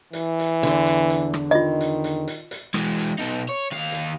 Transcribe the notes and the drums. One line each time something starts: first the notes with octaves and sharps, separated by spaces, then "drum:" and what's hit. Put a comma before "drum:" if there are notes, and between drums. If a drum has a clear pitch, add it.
E3, drum: hi-hat
drum: hi-hat
E2 D3, drum: hi-hat
drum: hi-hat
drum: hi-hat
drum: rim click
D#3 F4 D#5
drum: hi-hat
drum: hi-hat
drum: hi-hat
drum: hi-hat
E3 G#3, drum: rim click
drum: hi-hat
B2 D#4
C#5
D#2 F5
drum: hi-hat